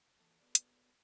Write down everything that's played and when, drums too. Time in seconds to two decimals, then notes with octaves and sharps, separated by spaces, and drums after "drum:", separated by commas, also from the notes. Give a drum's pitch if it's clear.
0.19 E3 A#3 A4
0.40 B3 F#4 G#4 A4 B4 D5
0.55 drum: hi-hat